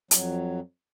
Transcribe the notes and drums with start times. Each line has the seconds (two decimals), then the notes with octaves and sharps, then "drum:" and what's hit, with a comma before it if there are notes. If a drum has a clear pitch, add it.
0.11 F2 F#3, drum: hi-hat